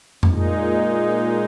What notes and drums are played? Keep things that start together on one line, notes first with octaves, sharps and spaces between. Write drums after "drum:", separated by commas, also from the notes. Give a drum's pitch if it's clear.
A#2 G#3 D#4, drum: tom F2